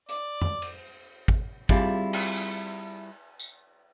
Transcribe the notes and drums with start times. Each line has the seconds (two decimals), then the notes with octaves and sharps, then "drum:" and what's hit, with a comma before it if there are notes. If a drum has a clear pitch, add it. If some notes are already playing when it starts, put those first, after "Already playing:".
0.09 D5, drum: hi-hat
0.41 drum: tom F2
0.62 drum: cymbal
1.28 drum: kick
1.69 G3 C4 E4 F4 G4 G#4, drum: kick
2.13 drum: cymbal
3.40 drum: tambourine